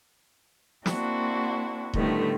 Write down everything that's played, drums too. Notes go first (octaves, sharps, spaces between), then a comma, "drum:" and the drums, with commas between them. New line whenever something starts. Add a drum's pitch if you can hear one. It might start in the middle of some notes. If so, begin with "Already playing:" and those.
A#3 C4 D4 E4 F#4, drum: snare
A2 D3 D#3 G3 A3 B3, drum: kick D#1